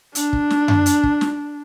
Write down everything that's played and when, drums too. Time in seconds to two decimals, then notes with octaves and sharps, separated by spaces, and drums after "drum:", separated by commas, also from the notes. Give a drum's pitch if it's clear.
0.15 D4, drum: hi-hat
0.33 drum: kick
0.50 drum: snare
0.68 drum: tom F#2
0.86 drum: hi-hat
1.03 drum: kick
1.21 drum: snare